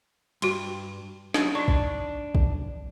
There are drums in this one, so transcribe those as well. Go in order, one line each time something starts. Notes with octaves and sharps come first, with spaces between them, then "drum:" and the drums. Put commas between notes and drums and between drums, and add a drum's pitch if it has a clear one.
G2 F#4 C6, drum: cymbal
F#3 D4 D#4, drum: snare
D4 D#4 C#6
drum: kick
drum: kick